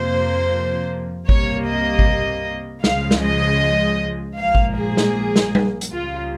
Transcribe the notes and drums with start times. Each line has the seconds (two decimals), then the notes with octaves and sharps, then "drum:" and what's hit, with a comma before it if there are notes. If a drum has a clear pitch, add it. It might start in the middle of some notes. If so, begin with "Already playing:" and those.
Already playing: F2 C3 F3 A#3 C5
1.29 C2 C3 G3 A#3 C#5, drum: kick G#1
1.68 D#5
1.99 drum: kick G#1
2.84 C#2 C#3 F3 G#3 F5, drum: snare
3.11 drum: snare
3.21 D#5
4.37 A#1 G#2 F3 A#3 F5
4.55 drum: kick G#1
4.76 G#4
4.97 drum: snare
5.36 drum: snare
5.55 drum: tom G3
5.81 drum: hi-hat
5.91 C#2 C#3 G3 A#3 F4